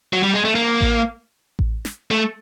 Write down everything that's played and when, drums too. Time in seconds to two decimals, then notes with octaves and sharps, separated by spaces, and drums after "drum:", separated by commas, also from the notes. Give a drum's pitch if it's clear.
0.13 F#3
0.23 G3
0.34 G#3
0.45 A3
0.55 A#3
0.81 drum: kick A1
1.59 drum: kick A1
1.85 drum: snare
2.11 A3